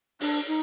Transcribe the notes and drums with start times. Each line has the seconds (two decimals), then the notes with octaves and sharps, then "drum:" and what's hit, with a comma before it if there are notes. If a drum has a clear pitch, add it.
0.21 D4, drum: open hi-hat
0.48 D#4